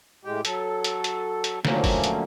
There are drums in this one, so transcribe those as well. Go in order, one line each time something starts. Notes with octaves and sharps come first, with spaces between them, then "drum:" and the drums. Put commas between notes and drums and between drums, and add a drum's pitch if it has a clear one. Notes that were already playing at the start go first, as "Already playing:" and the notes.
A2 G#3 G4 G5
F#3 A4, drum: hi-hat
drum: hi-hat
drum: hi-hat
drum: hi-hat
A2 D3 F3 F#3 A#3 C#4, drum: snare
drum: kick, open hi-hat
drum: hi-hat